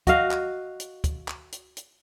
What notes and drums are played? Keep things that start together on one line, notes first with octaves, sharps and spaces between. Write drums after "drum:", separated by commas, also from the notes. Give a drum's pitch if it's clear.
F#4 D#5 F5, drum: kick, hi-hat
drum: clap
drum: hi-hat
drum: kick, hi-hat
drum: clap
drum: hi-hat
drum: hi-hat